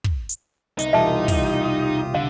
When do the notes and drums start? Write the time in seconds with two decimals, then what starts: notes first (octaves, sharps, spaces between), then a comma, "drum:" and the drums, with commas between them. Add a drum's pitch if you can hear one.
0.04 drum: kick
0.29 drum: hi-hat
0.79 C2 B3 D#4, drum: hi-hat
0.93 E1 C2 F4 G4 E5 A5 D#6
1.28 drum: kick, open hi-hat
2.15 D3 F5